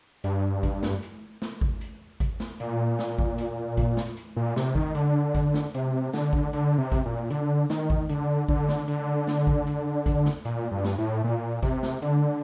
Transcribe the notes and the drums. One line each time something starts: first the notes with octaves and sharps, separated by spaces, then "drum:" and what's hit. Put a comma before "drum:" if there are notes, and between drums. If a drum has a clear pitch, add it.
G2, drum: hi-hat
drum: kick G#1, hi-hat
drum: snare
drum: hi-hat
drum: snare
drum: kick G#1
drum: hi-hat
drum: kick G#1, hi-hat
drum: snare
A#2, drum: hi-hat
drum: snare
drum: kick G#1
drum: hi-hat
drum: kick G#1, hi-hat
drum: snare
drum: hi-hat
A#2
C3, drum: snare
D#3, drum: kick G#1
D3, drum: hi-hat
drum: kick G#1, hi-hat
drum: snare
C3, drum: hi-hat
D3, drum: snare
drum: kick G#1
D3, drum: hi-hat
C3
drum: kick G#1, hi-hat
A#2
D3, drum: hi-hat
D#3, drum: snare
drum: kick G#1
D3, drum: hi-hat
D3, drum: kick G#1
drum: snare
D3, drum: hi-hat
drum: snare
drum: kick G#1
drum: hi-hat
drum: kick G#1, hi-hat
drum: snare
A#2, drum: hi-hat
G2
drum: snare
A2
A#2
C3, drum: kick G#1, hi-hat
drum: snare
D3, drum: hi-hat